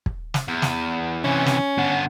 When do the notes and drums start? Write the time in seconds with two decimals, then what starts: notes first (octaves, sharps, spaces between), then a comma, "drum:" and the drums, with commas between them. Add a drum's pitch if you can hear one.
0.06 drum: kick
0.34 drum: snare
0.48 E2
0.62 drum: snare
1.24 C3 E3 C#4
1.46 drum: snare
1.78 D3 B3